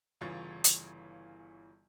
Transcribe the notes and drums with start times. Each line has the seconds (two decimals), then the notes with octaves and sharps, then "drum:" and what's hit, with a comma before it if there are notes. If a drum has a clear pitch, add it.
0.21 G1 C#3 E3 F4 C#5 A6
0.64 drum: hi-hat